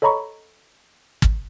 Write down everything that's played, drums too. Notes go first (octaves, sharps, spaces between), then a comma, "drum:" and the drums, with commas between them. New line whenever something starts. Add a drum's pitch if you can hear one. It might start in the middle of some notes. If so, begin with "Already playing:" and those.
A4 C#5 D#5 A#5 B5 C#6
drum: kick